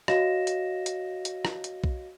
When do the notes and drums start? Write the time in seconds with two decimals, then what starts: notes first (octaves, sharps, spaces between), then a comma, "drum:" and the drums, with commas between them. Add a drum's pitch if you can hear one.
0.08 F#4 C#5 D#5 F5 A#6 E7, drum: rim click
0.47 drum: hi-hat
0.86 drum: hi-hat
1.25 drum: hi-hat
1.45 drum: rim click
1.64 drum: hi-hat
1.84 drum: kick B1